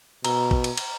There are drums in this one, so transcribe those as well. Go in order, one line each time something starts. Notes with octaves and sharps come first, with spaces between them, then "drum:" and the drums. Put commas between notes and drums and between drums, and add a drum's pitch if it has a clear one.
B2 A#5, drum: cymbal
drum: kick
drum: cymbal
drum: cymbal